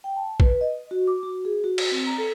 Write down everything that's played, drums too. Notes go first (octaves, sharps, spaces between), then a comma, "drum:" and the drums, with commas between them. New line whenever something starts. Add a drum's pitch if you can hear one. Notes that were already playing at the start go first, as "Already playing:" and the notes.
G5
A5
B4, drum: kick
D#5
F#4
D6
F#4
G#4
F#4
drum: cymbal
C4
A#5
A4